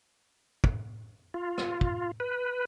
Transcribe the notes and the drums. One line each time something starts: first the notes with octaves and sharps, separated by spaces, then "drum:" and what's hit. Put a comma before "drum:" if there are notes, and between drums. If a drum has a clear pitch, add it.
drum: kick
F4
drum: rim click
drum: kick
B4